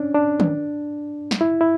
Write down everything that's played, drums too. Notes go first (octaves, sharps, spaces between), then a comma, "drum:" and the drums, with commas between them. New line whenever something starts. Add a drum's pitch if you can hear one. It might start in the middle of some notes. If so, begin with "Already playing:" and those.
Already playing: C#4 D4
D4
drum: tom D#3
drum: snare
E4
E4